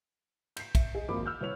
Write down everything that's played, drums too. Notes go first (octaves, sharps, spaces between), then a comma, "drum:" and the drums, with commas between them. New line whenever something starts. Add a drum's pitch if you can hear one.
G6 C7, drum: cymbal
E5, drum: kick, cymbal
G#4 D#5
G#1 F2 A#3 B5 D6
E6 F6 G6
C2 B4 C#5 F7